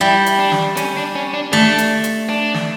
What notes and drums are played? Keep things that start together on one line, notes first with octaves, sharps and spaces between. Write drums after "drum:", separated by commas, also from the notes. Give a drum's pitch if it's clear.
G3 E4
drum: hi-hat
D4
drum: snare
C#4, drum: hi-hat
D4
C#4
D4
A3 D4, drum: snare
drum: hi-hat
drum: hi-hat
D4
drum: snare